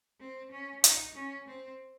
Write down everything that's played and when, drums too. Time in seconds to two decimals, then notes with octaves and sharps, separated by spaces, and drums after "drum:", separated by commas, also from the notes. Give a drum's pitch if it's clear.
0.20 C4
0.51 C#4
0.84 D#4, drum: hi-hat
1.15 C#4
1.48 C4